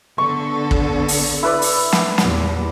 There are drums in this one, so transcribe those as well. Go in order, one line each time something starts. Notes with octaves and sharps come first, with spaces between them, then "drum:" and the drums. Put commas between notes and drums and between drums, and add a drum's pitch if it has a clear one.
D3 B3 A4 C#6
drum: kick
drum: open hi-hat
E4 B4 D5
drum: open hi-hat
drum: snare
E2 A#2 G3, drum: snare